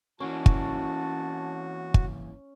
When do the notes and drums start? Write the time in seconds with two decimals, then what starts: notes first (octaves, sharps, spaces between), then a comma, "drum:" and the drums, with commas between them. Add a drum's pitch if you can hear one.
0.20 E3 A#3 C#4 F#4 A5
0.46 drum: kick
1.94 drum: kick